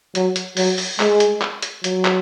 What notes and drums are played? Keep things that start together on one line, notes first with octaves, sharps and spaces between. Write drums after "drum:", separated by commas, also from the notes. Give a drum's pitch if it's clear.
F#3, drum: hi-hat
drum: hi-hat
F#3, drum: open hi-hat
drum: open hi-hat
G#3, drum: clap
drum: hi-hat
drum: clap
drum: hi-hat
F#3, drum: hi-hat
drum: clap